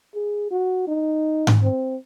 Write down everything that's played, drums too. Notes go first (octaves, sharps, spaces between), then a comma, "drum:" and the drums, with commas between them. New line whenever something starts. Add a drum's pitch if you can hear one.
G#4
F#4
D#4
drum: tom G#2
C4